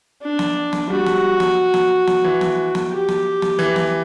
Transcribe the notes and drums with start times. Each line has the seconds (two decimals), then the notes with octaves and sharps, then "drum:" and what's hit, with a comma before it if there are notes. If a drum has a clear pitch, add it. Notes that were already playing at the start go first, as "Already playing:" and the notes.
0.22 D4
0.39 drum: snare
0.73 drum: snare
0.90 G3 F#4
1.06 drum: snare
1.40 drum: snare
1.74 drum: snare
2.08 drum: snare
2.24 E3
2.41 drum: snare
2.75 drum: snare
2.92 G4
3.09 drum: snare
3.42 drum: snare
3.59 E3
3.76 drum: snare